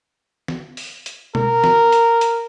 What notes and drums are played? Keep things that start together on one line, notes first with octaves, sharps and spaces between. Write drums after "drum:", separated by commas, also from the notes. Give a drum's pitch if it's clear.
drum: snare
drum: open hi-hat
drum: hi-hat
A#4, drum: tom B2
drum: snare
drum: hi-hat
drum: hi-hat